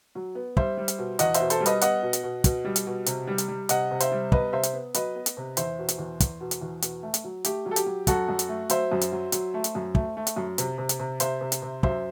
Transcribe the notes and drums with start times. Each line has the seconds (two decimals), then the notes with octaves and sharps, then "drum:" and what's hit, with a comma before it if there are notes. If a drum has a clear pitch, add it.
0.15 F#3
0.35 B3
0.57 G3 C5 E5, drum: kick
0.77 G3
0.88 drum: hi-hat
0.99 B2
1.19 E2 D#5 F#5, drum: hi-hat
1.34 C5 E5, drum: hi-hat
1.41 B2
1.50 A4 C5, drum: hi-hat
1.61 G3
1.66 B4 D#5, drum: hi-hat
1.81 B3 D#5 F#5, drum: hi-hat
2.03 B2
2.13 drum: hi-hat
2.24 B2
2.44 B2, drum: kick, hi-hat
2.65 G3
2.76 drum: hi-hat
2.87 B2
3.06 C3, drum: hi-hat
3.27 G3
3.38 drum: hi-hat
3.48 G3
3.69 C3 D#5 F#5, drum: hi-hat
3.91 C3
4.00 C5 E5, drum: hi-hat
4.12 G3
4.32 B3 B4 D#5, drum: kick
4.52 C3 C5 E5
4.63 drum: hi-hat
4.73 B3
4.94 F#3 B4 D#5, drum: hi-hat
5.15 B3
5.26 drum: hi-hat
5.37 C3
5.57 E2 C5 E5, drum: hi-hat
5.79 B2
5.89 drum: hi-hat
5.98 E2
6.20 E2, drum: kick, hi-hat
6.41 B2
6.51 drum: hi-hat
6.61 E2
6.82 B2, drum: hi-hat
7.03 A3
7.14 drum: hi-hat
7.24 F#3
7.45 A3 G4, drum: hi-hat
7.66 F#3
7.71 A4
7.76 G4, drum: hi-hat
7.86 F#3
8.07 F#2 F#4 A4, drum: kick, hi-hat
8.28 F#2
8.39 drum: hi-hat
8.49 A3
8.70 F#3 C5 E5, drum: hi-hat
8.92 F#2
9.01 drum: hi-hat
9.12 F#3
9.32 F#3, drum: hi-hat
9.54 A3
9.64 drum: hi-hat
9.75 F#2
9.95 A3, drum: kick
10.17 A3
10.27 drum: hi-hat
10.36 F#2
10.58 C3, drum: hi-hat
10.78 C3
10.89 drum: hi-hat
10.99 C3
11.20 C3 C5 E5, drum: hi-hat
11.41 C3
11.52 drum: hi-hat
11.62 C3
11.83 F#2 C5 E5, drum: kick